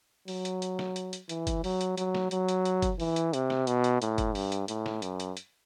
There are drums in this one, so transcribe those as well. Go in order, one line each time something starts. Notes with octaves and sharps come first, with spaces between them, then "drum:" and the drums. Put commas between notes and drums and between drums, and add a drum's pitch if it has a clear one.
F#3, drum: open hi-hat
drum: hi-hat
drum: hi-hat
drum: snare
drum: hi-hat
drum: hi-hat
E3, drum: hi-hat
drum: kick F#1, hi-hat
F#3, drum: open hi-hat
drum: hi-hat
F#3, drum: hi-hat
drum: snare
F#3, drum: hi-hat
drum: hi-hat
drum: hi-hat
drum: kick F#1, hi-hat
E3, drum: open hi-hat
drum: hi-hat
C3, drum: hi-hat
drum: snare
B2, drum: hi-hat
drum: hi-hat
A2, drum: hi-hat
drum: kick F#1, hi-hat
G2, drum: open hi-hat
drum: hi-hat
A2, drum: hi-hat
drum: snare
F#2, drum: hi-hat
drum: hi-hat
drum: hi-hat